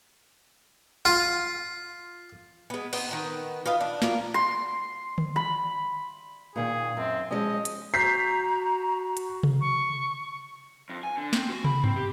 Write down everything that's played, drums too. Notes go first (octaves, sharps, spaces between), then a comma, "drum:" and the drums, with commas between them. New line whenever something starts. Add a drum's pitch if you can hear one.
F4
G#3 B3
B3 C4 D#4, drum: cymbal
D#3 B3 B4
F4 B4 D#5 F5
D4
B3 F4 A#4, drum: snare
C6
drum: tom D3
B5
A#2 D#3 G#4
F#2 C4
F3 G#3 C#4 D#5
drum: hi-hat
F#4 A#5 G6 B6 C7
drum: hi-hat
drum: tom C3
C#6
F2
G#5
D3
C4, drum: snare
F#4
B5, drum: tom
C4, drum: tom G2
G4